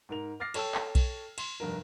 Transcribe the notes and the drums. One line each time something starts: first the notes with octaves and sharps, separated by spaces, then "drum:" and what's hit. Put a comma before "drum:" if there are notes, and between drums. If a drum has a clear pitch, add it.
G#2 A#4 F7
D6 F6 A6 A#6 C7
A4 C#5 G5 A5 E6, drum: cymbal
drum: clap
drum: kick B1, cymbal
C6, drum: cymbal
F1 G2 A#4